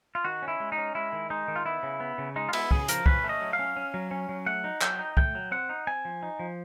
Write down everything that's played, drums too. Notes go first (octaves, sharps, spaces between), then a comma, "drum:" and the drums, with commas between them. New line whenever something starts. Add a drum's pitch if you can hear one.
F4
D#3 F#4
C#4
E4
G#3
D#4
C#4
G#3 E4
D#3
G#3 D#4
D#3
F4
B3 E4
C#3
B3
C#3
G#3 D#4
F4
B3 E4, drum: cymbal
C#3 G#4, drum: kick
F3 A#4, drum: hi-hat
C#4 B4, drum: kick
A3
D#5
F#3
F5
C#4
C#4
F#3
C#4
F#3
A3 F#5
D#4
F#3 G5, drum: clap
D#4
A3 G5, drum: kick
F#3
C4 F#5
D#4
C4 G#5
F3
D#4
F3